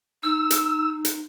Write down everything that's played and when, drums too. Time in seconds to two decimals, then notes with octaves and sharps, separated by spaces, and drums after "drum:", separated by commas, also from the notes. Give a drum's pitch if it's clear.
0.23 D#4 E6
0.50 drum: hi-hat
1.05 drum: hi-hat